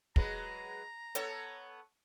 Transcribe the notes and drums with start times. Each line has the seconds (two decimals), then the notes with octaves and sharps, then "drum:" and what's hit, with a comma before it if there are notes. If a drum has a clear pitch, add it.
0.16 F#3 G#3 B4 A#5, drum: kick
1.15 B3 A4 C#5, drum: hi-hat